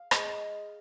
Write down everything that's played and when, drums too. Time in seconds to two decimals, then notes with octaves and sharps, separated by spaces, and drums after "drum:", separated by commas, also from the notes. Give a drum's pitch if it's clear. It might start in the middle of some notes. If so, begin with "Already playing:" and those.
Already playing: F5
0.11 G#3, drum: rim click